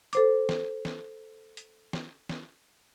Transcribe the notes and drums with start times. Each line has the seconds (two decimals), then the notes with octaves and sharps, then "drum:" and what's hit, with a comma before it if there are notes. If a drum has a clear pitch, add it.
0.13 A4 C5 D6, drum: hi-hat
0.49 drum: snare
0.85 drum: snare
1.57 drum: hi-hat
1.93 drum: snare
2.29 drum: snare